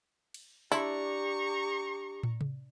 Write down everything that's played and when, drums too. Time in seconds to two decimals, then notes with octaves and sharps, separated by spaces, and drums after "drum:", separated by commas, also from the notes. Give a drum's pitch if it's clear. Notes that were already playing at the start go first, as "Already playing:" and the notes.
0.34 drum: cymbal
0.72 D4 E4 G4 A#5 C#6, drum: tambourine
2.23 drum: tom
2.41 drum: tom C3